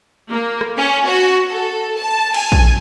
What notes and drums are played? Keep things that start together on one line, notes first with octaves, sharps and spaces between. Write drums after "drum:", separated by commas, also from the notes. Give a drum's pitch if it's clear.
A#3
drum: rim click
C#4
F#4
A4
A5
G#5, drum: cymbal
drum: kick